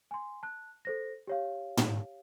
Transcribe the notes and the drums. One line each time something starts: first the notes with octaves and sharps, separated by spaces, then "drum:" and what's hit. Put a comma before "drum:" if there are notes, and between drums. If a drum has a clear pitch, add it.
G#5 C6
A5 F#6
A4 C5 A#6
G4 C#5 F5
drum: tom